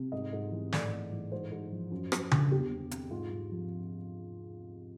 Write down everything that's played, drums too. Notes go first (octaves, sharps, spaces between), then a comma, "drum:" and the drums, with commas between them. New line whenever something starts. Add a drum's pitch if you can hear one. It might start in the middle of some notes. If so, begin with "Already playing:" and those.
Already playing: C3
G#2 D#5
G#2
E3
A2 D5, drum: snare
A2
E3
G#2 C5
G#2
F3
F#2
F#2, drum: rim click
D3, drum: tom C#3
E2 G4
E2
C3, drum: hi-hat
G#2 F4
G#2
F3